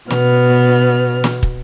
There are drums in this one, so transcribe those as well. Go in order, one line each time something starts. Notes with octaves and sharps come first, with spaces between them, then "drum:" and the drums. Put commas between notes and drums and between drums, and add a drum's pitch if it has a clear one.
B2 B3 F6, drum: snare
drum: snare
drum: kick